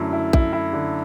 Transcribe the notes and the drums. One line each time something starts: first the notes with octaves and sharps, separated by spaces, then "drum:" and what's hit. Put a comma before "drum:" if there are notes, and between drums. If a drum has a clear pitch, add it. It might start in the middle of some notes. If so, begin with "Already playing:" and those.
Already playing: F#2 D3 A3 E4
E4
E4, drum: kick A#1
E4
D3